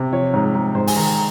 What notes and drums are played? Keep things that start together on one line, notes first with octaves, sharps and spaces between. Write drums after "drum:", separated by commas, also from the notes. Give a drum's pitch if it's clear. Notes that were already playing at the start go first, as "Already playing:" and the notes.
Already playing: C3
F3 C#5
G#2
G#2
G#2 C5
G#5, drum: open hi-hat
D#3 A#5